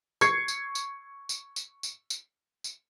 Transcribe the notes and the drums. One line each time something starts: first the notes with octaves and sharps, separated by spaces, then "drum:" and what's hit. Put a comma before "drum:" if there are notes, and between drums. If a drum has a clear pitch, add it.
C#6 G#6 C7 C#7, drum: tambourine
drum: tambourine
drum: tambourine
drum: tambourine
drum: tambourine
drum: tambourine
drum: tambourine
drum: tambourine